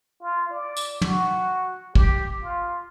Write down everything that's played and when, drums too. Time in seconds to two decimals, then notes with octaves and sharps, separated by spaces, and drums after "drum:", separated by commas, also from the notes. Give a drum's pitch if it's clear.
0.21 F4
0.51 D5
0.77 drum: tambourine
1.02 F#4, drum: tom
1.95 G4, drum: kick
2.43 F4